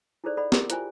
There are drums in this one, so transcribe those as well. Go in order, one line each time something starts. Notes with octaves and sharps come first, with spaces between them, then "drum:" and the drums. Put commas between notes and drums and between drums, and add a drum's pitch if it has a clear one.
D#4 E4 G#4 A4 C5 D5
A4 D5 D#5 F#5 B5
E4 G4 G#4 A#4 C6 D6, drum: snare
E4 F4 C5 E5 G5 G#5, drum: hi-hat